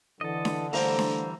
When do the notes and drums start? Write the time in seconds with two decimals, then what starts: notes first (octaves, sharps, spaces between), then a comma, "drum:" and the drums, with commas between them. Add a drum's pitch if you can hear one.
0.21 D3 E3 A4 D#5
0.45 drum: snare D4
0.73 E3 G3 A3 C5 F5 A#5, drum: open hi-hat
0.99 drum: snare D4